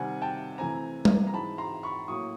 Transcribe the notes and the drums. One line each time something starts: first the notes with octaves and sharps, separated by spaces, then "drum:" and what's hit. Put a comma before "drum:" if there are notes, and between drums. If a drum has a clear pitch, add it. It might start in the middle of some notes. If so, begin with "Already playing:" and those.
Already playing: C3 D#3 G3 C4 F#5 G#5
G5 A5
C3 E3 A3 C4 G#5 A#5
drum: tom G3
A#5
G#2 E3 G#3 C4 A5 B5
A#5 C6
B5 C#6
A2 F#3 A#3 C#4 C#6 D#6